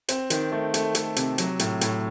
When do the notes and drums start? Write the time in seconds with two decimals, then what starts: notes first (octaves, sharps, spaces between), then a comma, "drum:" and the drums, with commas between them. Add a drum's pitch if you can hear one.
0.08 C4, drum: hi-hat
0.30 D#3, drum: hi-hat
0.52 A3
0.74 A3, drum: hi-hat
0.95 A3, drum: hi-hat
1.16 C3, drum: hi-hat
1.38 F#3, drum: hi-hat
1.59 A2, drum: hi-hat
1.81 A2, drum: hi-hat